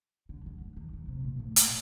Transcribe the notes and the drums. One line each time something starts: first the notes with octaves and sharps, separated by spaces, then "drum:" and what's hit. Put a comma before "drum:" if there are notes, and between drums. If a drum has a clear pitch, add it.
D3
D3
D3
D#3
D#3
C3
A#2
A2
A#2, drum: hi-hat